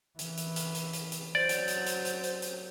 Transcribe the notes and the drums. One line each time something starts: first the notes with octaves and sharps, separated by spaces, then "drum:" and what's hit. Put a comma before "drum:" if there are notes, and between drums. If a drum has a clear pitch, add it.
E3, drum: hi-hat
drum: hi-hat
drum: hi-hat
drum: hi-hat
drum: hi-hat
drum: hi-hat
F#3 C5 D5
drum: hi-hat
drum: hi-hat
drum: hi-hat
drum: hi-hat
drum: hi-hat
drum: hi-hat